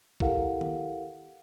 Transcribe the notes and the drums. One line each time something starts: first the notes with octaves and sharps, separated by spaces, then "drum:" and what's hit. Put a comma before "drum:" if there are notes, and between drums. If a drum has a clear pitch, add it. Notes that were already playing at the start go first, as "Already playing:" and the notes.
E4 G4 A4 A#4 F5 F#5, drum: kick
drum: tom